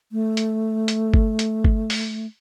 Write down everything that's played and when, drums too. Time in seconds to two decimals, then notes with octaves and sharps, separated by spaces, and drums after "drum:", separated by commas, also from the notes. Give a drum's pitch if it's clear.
0.12 A3
0.37 drum: hi-hat
0.88 drum: hi-hat
1.14 drum: kick G1
1.39 drum: hi-hat
1.64 drum: kick G1
1.90 drum: open hi-hat